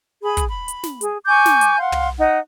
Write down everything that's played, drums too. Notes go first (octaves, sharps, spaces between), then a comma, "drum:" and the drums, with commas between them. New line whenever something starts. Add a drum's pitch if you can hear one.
G#4 B5
drum: kick, hi-hat
B5
drum: hi-hat
drum: snare
G#4, drum: hi-hat
G#5 C#6 D6 G6
drum: snare
drum: hi-hat
F5 F#5 C6
drum: tom
D#4 F#5